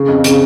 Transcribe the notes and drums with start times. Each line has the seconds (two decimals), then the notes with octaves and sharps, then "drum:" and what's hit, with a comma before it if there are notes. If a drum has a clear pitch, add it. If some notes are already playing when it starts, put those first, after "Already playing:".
Already playing: C#3
0.08 F2
0.24 C#3, drum: hi-hat